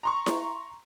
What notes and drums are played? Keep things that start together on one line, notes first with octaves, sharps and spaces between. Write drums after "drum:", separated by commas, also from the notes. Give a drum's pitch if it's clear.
A#5 C6 C#6
drum: snare E4